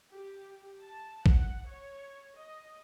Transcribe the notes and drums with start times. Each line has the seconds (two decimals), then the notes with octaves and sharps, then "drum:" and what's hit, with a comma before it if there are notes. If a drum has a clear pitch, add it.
0.12 G4
0.82 A5
1.26 F#5, drum: kick
1.68 C#5
2.36 D#5